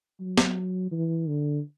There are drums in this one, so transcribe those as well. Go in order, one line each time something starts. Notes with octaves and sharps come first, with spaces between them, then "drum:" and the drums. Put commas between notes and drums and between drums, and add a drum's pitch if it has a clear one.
F#3
drum: snare
E3
D3